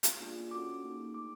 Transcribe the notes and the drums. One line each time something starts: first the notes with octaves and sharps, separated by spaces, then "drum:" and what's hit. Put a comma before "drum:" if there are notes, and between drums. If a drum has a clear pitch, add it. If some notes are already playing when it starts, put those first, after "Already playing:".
drum: hi-hat
A#3 D4 F4 G#4
C#4 F#4 A4 D6
A#3 D#4 G#4
A3 D4 G4 D6